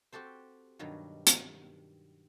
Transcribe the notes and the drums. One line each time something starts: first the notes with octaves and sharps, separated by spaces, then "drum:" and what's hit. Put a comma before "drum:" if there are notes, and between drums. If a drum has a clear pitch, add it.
C4 F#4 G4 A4 C5
G2 B2 D#3 F#3 G3
drum: hi-hat